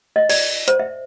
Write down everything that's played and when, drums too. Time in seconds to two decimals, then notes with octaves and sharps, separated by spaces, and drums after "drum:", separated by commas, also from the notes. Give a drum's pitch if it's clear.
0.16 D#5
0.30 D5, drum: open hi-hat
0.68 C5, drum: hi-hat
0.80 E5